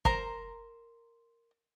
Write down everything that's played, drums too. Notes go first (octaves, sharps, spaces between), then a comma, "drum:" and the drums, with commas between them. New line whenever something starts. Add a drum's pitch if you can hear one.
A#4 C5 A#5, drum: kick